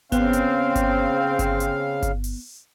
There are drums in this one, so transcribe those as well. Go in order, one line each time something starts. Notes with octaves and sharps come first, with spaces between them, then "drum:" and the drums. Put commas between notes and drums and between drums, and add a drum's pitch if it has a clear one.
C#3 B3 C4 F5, drum: kick G1, hi-hat
drum: hi-hat
drum: kick G1, hi-hat
drum: kick G1, hi-hat
drum: hi-hat
drum: kick G1, hi-hat
drum: open hi-hat